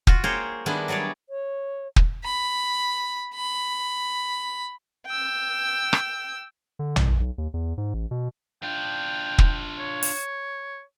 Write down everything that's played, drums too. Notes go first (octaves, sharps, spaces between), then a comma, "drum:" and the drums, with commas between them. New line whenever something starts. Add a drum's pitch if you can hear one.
F4 F#4, drum: kick
A#3 G#4 C5 C#5 G5
D#3 G3 G#3 B3 D4 E4
F#3 G3 G#4 C#5 D5
C#5
drum: kick
B5
B5
G5 E6
drum: rim click
D3
C2, drum: tom A#1
B1
D#2
E2
G#2
A1
B2
D4 F4 G5
drum: kick
C#5
drum: open hi-hat